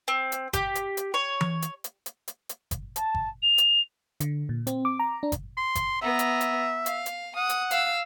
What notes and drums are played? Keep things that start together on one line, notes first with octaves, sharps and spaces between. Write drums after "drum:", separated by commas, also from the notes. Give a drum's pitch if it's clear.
C4
drum: hi-hat
G4, drum: kick G1, hi-hat
drum: hi-hat
drum: hi-hat
C#5
drum: tom E3
drum: hi-hat
drum: hi-hat
drum: hi-hat
drum: hi-hat
drum: hi-hat
drum: kick G1, hi-hat
A5, drum: hi-hat
drum: kick G1
F7
drum: hi-hat
D3, drum: hi-hat
A#2
C4, drum: hi-hat
D6
A#5
D4
drum: kick G1, hi-hat
C6
drum: kick G1, hi-hat
B3 E5 A#5
drum: hi-hat
drum: hi-hat
F5, drum: hi-hat
drum: hi-hat
F#5 D#6
drum: hi-hat
F5 E6, drum: hi-hat